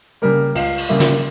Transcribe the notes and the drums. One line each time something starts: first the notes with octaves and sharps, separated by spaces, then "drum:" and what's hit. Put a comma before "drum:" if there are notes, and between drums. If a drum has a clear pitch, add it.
C#3 G3 A#3 A#4
C#2 F5, drum: cymbal
drum: cymbal
C#3 G3 A#3 E5
drum: snare